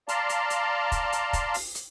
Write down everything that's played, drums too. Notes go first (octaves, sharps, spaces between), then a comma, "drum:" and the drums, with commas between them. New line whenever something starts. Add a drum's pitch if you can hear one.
D5 F5 A5 A#5 C6, drum: hi-hat
drum: hi-hat
drum: hi-hat
drum: kick, hi-hat
drum: hi-hat
drum: kick, hi-hat
drum: open hi-hat
drum: hi-hat